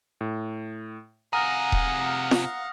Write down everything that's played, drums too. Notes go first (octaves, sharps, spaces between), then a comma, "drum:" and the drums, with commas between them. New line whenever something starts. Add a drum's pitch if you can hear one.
A2
C3 G#4 F5 F#5 A#5 D#6 F6 A#6
drum: kick D#1
drum: snare F4